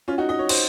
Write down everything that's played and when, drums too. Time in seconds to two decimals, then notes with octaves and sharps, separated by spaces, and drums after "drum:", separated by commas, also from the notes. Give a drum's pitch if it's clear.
0.08 C#4 F4
0.18 D#4 F#4
0.29 D#5
0.39 C#5
0.49 C5, drum: cymbal